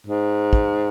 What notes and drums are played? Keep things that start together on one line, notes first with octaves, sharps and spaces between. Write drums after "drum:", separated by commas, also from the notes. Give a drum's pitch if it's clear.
G#2
drum: kick